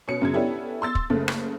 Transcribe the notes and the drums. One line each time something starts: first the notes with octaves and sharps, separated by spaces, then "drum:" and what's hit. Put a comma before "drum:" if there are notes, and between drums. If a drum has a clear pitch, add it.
B2 C#4 C#7
F#2 C#3 G#6
B3 C#4 D4 E4 G4 A4
C6 E6 A6
drum: kick
F#1 C#3 A3
drum: rim click